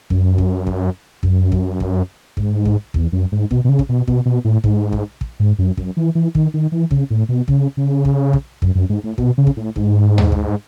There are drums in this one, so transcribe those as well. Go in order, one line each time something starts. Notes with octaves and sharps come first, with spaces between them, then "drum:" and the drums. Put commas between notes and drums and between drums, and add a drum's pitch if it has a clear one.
F#2, drum: kick
drum: kick
drum: kick
F#2, drum: kick
drum: kick
drum: kick
G#2, drum: kick
drum: kick
E2, drum: kick
F#2
G#2
B2, drum: kick
B2
C#3
drum: kick
B2
B2, drum: kick
B2
A2
G#2, drum: kick
drum: kick
drum: kick
G#2
F#2
F#2, drum: kick
E3
E3
D#3, drum: kick
D#3
E3
C#3, drum: kick
A2
B2
C#3, drum: kick
C#3
drum: kick
drum: kick
F#2, drum: kick
F#2
G#2
A2
B2, drum: kick
C#3
drum: kick
A2
G#2, drum: kick
drum: tom D#2
drum: kick